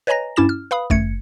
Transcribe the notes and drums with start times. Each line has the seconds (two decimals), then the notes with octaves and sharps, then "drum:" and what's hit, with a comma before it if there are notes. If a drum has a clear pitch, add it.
0.07 B4 C#5 D#5 G#5 A#5 A#6
0.36 G2 C#4 E4 D6 A6 E7
0.49 F6
0.71 B4 F5 B5 D#6
0.90 G1 F#2 A3 G#6 C#7, drum: kick